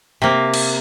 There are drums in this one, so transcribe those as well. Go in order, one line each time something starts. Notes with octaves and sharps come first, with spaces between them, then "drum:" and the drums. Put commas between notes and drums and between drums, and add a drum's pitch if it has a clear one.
C3 A#3
drum: cymbal